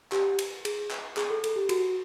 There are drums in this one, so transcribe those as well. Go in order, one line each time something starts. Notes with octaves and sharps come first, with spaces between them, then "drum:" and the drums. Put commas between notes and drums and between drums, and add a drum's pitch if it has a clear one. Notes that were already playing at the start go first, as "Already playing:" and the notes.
G4, drum: clap
drum: cymbal
G#4, drum: cymbal
drum: clap
G#4, drum: clap
A4
A4, drum: cymbal
G4
F#4, drum: cymbal